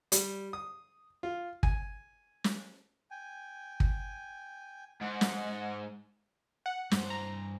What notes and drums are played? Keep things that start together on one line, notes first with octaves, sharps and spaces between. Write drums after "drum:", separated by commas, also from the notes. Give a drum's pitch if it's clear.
G3, drum: hi-hat
D#6
F4
G#5, drum: kick
drum: snare
G5 G#5
drum: kick
G#2 D#5 F#5
drum: snare
F#5
G2 C5, drum: snare
A#5